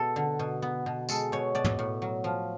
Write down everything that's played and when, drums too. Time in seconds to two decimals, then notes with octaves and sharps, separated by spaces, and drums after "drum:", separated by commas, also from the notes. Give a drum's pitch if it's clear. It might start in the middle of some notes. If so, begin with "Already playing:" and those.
Already playing: B2 A4
0.16 D3
0.39 B2
0.62 B3
0.86 B2
1.09 G#3 A4, drum: tambourine
1.32 B2 C#5
1.55 B2 D5
1.64 drum: tom
1.79 A2
2.02 F#3
2.24 F3